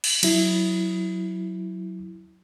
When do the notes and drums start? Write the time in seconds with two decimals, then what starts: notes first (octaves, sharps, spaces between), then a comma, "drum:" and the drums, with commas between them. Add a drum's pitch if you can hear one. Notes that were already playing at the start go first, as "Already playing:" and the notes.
0.04 drum: cymbal
0.23 F#3 E4, drum: cymbal